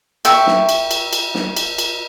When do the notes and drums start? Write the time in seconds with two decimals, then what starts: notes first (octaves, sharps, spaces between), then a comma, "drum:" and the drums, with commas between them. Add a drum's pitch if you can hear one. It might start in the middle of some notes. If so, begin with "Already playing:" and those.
0.25 E5 G5 C#6, drum: cymbal
0.47 drum: snare
0.69 drum: cymbal
0.91 drum: cymbal
1.13 drum: cymbal
1.35 drum: snare
1.57 drum: cymbal
1.78 drum: cymbal